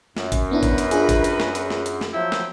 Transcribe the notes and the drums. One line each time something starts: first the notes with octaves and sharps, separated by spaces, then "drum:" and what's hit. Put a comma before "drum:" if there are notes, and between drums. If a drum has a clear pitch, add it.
F#2, drum: snare
drum: kick, hi-hat
B3 D4 E4 A#4 B4
drum: kick, hi-hat
drum: hi-hat
D4 F4 G#4, drum: hi-hat
drum: kick, hi-hat
drum: hi-hat
drum: snare
drum: hi-hat
drum: snare
drum: hi-hat
drum: snare
F3 F#3 E4 G5
drum: snare